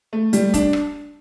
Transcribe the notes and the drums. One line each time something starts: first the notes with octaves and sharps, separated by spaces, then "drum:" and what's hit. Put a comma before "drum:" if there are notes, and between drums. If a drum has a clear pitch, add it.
A3
G3, drum: hi-hat
D4, drum: kick, hi-hat
drum: rim click